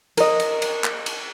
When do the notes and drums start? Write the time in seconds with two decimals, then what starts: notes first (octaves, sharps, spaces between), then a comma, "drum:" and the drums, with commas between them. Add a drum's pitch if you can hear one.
0.17 A#4 D#5, drum: cymbal
0.40 drum: cymbal
0.62 drum: cymbal
0.84 drum: clap
1.06 drum: cymbal